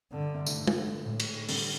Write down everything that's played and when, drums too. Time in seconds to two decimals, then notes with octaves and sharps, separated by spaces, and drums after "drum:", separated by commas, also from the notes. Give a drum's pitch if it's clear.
0.12 G2 D3
0.34 G2 C3
0.46 A2 D3, drum: tambourine
0.67 drum: tom
1.04 A2
1.20 drum: cymbal
1.49 D3 G3, drum: open hi-hat